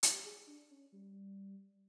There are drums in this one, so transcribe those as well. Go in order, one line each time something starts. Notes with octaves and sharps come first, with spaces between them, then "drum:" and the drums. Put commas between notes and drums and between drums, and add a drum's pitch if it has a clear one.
G4, drum: hi-hat
G#4
D4
C#4
G3